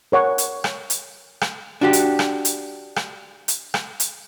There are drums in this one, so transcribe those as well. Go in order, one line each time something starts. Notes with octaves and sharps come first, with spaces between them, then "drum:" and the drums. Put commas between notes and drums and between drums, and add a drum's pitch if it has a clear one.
A#4 C#5 F#5 C#6
drum: hi-hat
drum: rim click
drum: hi-hat
drum: rim click
D4 F#4 G4
drum: hi-hat
drum: rim click
drum: hi-hat
drum: rim click
drum: hi-hat
drum: rim click
drum: hi-hat